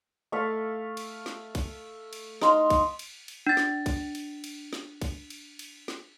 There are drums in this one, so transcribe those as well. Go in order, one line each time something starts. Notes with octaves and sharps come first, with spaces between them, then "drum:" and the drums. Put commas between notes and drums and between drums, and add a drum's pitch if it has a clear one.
A3 A4 E5 F5
drum: cymbal
drum: snare
drum: kick, cymbal
drum: cymbal
D#4 F5 C6, drum: snare
drum: kick, cymbal
drum: cymbal
drum: cymbal
D4 A6
drum: snare
drum: kick, cymbal
drum: cymbal
drum: cymbal
drum: snare
drum: kick, cymbal
drum: cymbal
drum: cymbal
drum: snare